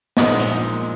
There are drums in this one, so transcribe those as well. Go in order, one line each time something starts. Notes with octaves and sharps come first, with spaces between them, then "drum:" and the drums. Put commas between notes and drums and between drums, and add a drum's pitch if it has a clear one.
A#1 A#2 G#3 D#4 D#5, drum: snare
drum: hi-hat
D#4 D#5